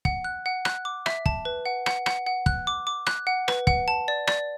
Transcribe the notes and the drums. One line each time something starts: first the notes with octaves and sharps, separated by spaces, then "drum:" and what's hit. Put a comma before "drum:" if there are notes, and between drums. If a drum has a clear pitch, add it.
F#5, drum: kick
F#6
F#5
F#6, drum: rim click
D6
E5, drum: rim click
A5, drum: kick
B4
F#5
F#5, drum: rim click
F#5, drum: rim click
F#5
F#6, drum: kick
D6
D6
F#6, drum: rim click
F#5
B4, drum: rim click
F#5, drum: kick
A5
D5
D5, drum: rim click